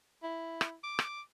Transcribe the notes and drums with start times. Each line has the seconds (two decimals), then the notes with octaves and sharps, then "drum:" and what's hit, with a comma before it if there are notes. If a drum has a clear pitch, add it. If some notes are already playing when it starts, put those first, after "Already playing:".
0.23 E4
0.61 drum: rim click
0.84 D6
0.99 drum: rim click